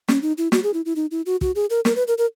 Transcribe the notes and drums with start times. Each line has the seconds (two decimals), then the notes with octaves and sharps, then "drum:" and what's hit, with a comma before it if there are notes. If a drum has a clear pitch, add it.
0.08 C#4, drum: snare
0.22 D#4
0.38 E4
0.52 F#4, drum: snare
0.63 G#4
0.74 E4
0.85 E4
0.96 D#4
1.11 E4
1.26 F#4
1.41 F#4, drum: kick
1.56 G#4
1.70 A#4
1.85 A#4, drum: snare
1.96 B4
2.08 A#4
2.18 A#4